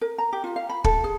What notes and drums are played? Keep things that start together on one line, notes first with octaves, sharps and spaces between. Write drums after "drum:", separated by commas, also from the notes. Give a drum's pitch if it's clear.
A#4
A#5
G4
F4
F5
B5
A4, drum: kick
G#4